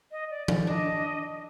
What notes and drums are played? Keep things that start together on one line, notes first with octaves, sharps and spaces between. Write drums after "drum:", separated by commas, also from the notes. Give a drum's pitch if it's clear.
D#5
D5
D5, drum: tom F3
D4 D#5